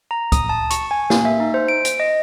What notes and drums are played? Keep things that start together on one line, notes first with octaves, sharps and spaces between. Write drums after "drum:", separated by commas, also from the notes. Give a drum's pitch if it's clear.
A#5
D#6, drum: kick, hi-hat
A5
C#6, drum: hi-hat
G#5
A#3, drum: snare
E5
D#4
C5
D7
drum: hi-hat
D#5